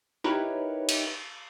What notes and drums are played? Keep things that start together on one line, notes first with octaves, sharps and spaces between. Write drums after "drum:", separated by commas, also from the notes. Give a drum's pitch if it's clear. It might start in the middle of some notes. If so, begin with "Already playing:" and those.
D#4 E4 G4 A#4 B4 C#5
drum: cymbal